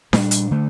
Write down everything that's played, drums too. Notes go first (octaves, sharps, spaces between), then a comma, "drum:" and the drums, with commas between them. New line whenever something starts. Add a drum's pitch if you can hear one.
A#2 G3 D4, drum: snare D4
drum: hi-hat
D3 A3